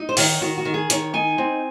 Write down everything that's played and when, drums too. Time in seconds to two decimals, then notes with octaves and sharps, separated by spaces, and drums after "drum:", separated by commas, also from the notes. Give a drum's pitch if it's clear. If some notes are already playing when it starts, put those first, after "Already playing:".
Already playing: D#4
0.09 C5
0.17 D#3 C#5, drum: open hi-hat
0.41 D#3 F#4
0.58 F#4
0.65 D#3
0.74 G#4
0.90 D#3 C#5, drum: hi-hat
1.14 D#4 G#5
1.38 C4